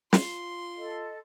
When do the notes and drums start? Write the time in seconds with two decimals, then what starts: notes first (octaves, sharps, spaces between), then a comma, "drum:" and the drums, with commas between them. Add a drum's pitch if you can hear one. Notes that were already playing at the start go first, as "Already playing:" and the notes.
0.13 F4 C6, drum: snare
0.77 A4 D#5